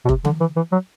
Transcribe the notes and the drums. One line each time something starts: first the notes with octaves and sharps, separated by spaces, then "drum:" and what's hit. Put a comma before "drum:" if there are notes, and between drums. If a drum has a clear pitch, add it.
B2
C3, drum: kick F1
D3, drum: tom D#3
E3
E3
F#3